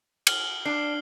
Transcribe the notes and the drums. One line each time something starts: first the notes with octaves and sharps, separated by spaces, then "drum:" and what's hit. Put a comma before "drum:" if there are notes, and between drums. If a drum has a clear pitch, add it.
F6 F#7 G7, drum: cymbal
D4 C7